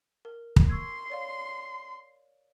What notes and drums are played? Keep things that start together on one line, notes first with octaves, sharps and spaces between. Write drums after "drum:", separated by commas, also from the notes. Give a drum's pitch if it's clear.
A#4
drum: kick
C6 C#6 E6 G#6
C#5 D5 F5